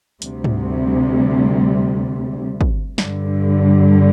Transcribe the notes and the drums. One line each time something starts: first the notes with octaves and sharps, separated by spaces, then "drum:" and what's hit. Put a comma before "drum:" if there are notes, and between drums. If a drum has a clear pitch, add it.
D2 C3 G3, drum: hi-hat
drum: tom G#2
drum: kick
G2 D3 G3, drum: snare